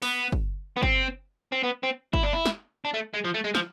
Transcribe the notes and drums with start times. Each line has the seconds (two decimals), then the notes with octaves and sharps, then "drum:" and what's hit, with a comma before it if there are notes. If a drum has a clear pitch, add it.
0.02 B3, drum: open hi-hat
0.32 drum: kick
0.77 B3
0.83 C4, drum: kick
1.52 C4
1.64 B3
1.83 C4
2.13 E4, drum: kick
2.23 D4
2.33 E4
2.46 drum: snare
2.85 D4
2.94 A3
3.14 G#3
3.25 F3
3.35 A3
3.45 G#3
3.55 F3, drum: snare